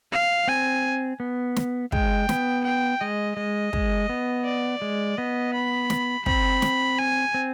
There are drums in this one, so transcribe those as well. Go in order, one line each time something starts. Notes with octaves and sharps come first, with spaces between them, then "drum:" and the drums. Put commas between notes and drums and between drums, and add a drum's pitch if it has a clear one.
F5
C4 G#5
B3
drum: snare
G#3 G5, drum: kick
B3, drum: snare
G5
G#3 D#5
G#3 D#5
G#3, drum: kick
B3
D5
G#3
B3 D#5
B5
drum: snare
C4 B5, drum: kick
drum: snare
G#5
C4